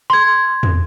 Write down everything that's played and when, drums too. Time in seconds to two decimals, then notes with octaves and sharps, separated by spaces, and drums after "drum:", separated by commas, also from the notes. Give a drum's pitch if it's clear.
0.10 C6 G#6
0.63 drum: tom E2